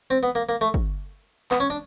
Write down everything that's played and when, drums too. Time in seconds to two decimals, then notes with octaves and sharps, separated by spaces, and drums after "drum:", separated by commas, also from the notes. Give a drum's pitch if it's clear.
0.11 C4
0.23 B3
0.35 A#3
0.49 A#3
0.61 A3
0.74 drum: kick
1.51 B3, drum: clap
1.60 C#4
1.70 D4